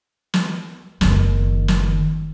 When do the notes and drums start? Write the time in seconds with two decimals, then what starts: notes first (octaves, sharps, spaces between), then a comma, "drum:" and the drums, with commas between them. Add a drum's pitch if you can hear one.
0.34 drum: snare
1.01 F#1 D#3, drum: snare
1.68 drum: snare